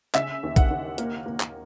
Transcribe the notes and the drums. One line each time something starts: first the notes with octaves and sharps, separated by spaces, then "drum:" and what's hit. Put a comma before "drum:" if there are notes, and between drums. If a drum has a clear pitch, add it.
C#3 E5, drum: clap
D#2
F#5, drum: kick, hi-hat
D#2
A#3, drum: hi-hat
A#3
drum: clap